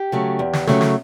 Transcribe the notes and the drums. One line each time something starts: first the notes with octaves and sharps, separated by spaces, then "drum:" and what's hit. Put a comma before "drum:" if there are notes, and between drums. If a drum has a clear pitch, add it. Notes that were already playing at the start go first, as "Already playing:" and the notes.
Already playing: G4
C#3 F#3 A3
E2
drum: snare
C#3 F#3 A3, drum: snare
drum: snare